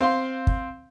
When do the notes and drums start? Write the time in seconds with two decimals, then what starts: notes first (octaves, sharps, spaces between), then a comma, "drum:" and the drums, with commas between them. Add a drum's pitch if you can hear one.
0.01 C4 F5 C6
0.47 drum: kick